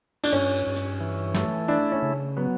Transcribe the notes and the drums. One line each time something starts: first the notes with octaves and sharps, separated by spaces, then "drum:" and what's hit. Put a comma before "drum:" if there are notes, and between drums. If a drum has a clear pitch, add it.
D4, drum: cymbal
G2 C#4
drum: tambourine
G2
drum: hi-hat
E3
A3, drum: snare
D4 E4
C#4
C#3
F#3 B3